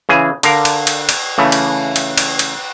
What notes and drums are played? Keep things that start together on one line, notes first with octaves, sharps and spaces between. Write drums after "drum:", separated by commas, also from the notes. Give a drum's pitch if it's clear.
C#3 E3 G#4
D3 A#4 F5, drum: cymbal
drum: cymbal
drum: cymbal
drum: cymbal
C#3 E3 A3
drum: cymbal
drum: cymbal
drum: cymbal
drum: cymbal